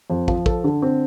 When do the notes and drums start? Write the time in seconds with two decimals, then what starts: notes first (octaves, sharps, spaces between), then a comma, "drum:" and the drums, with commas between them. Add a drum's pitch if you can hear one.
0.10 F2
0.28 F3, drum: kick
0.46 A4, drum: kick
0.64 D3
0.82 C4